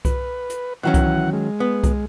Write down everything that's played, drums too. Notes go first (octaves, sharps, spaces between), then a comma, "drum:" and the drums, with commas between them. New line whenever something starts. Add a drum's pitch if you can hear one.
B4, drum: kick C2, hi-hat
drum: hi-hat
D#3 E3 F#3 C#4 F#5
drum: kick C2, hi-hat
G#3
B3
drum: kick C2, hi-hat